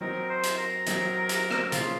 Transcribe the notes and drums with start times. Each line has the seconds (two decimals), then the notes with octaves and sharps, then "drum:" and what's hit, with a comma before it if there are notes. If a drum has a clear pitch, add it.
0.01 F#3 C4 D#4 A#4
0.29 C5
0.43 drum: hi-hat
0.58 A#4
0.86 F#3 C4 D#4, drum: hi-hat
1.29 drum: hi-hat
1.51 drum: rim click
1.72 C#3 F3 A#3 C#4 F4, drum: hi-hat